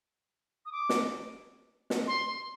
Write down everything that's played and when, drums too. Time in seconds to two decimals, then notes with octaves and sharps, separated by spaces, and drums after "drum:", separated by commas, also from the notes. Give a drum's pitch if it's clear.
0.66 D#6
0.72 D6
0.89 drum: snare
1.90 drum: snare
2.07 C6